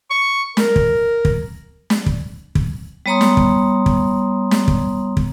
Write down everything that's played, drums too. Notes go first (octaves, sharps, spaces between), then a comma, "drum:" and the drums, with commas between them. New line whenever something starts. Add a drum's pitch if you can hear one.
C#6
A#4, drum: snare
drum: kick
drum: kick
drum: snare
drum: kick
drum: kick
G3 B3 C#5 A#5 C6 D#6
drum: snare
drum: kick
drum: kick
drum: snare
drum: kick
drum: kick